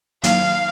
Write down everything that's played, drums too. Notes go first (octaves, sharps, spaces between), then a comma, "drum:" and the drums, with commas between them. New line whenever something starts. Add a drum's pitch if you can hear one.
D#3 F#3 A#3 D#4 F5, drum: hi-hat